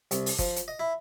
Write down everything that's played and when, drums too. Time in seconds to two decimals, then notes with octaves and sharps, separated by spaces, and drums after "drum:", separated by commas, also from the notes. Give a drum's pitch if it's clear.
0.11 C2, drum: hi-hat
0.26 drum: open hi-hat
0.39 F3, drum: kick, hi-hat
0.56 drum: hi-hat
0.68 D#5
0.79 E4